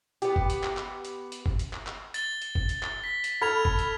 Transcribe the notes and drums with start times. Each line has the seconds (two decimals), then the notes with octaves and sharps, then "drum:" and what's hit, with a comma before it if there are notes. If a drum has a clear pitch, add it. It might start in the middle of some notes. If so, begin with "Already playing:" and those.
0.22 B3 G4, drum: hi-hat
0.36 drum: kick F#1
0.50 drum: hi-hat
0.63 drum: clap
0.77 drum: clap
1.05 drum: hi-hat
1.32 drum: hi-hat
1.46 drum: kick F#1
1.59 drum: hi-hat
1.73 drum: clap
1.87 drum: clap
2.14 A6 G7, drum: hi-hat
2.42 drum: hi-hat
2.55 drum: kick F#1
2.69 drum: hi-hat
2.83 drum: clap
3.04 B6
3.24 drum: hi-hat
3.41 A4 B5 F6 G#6 F7
3.65 drum: kick F#1
3.79 drum: hi-hat